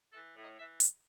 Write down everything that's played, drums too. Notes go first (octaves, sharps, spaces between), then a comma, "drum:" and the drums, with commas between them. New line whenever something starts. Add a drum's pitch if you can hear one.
E3 A4
A2
D#5
E3 E5
drum: hi-hat